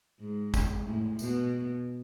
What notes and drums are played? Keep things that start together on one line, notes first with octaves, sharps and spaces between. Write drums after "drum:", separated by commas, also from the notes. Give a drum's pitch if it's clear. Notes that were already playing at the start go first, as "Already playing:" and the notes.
G#2
drum: kick G#1, tambourine
A2
B2, drum: tambourine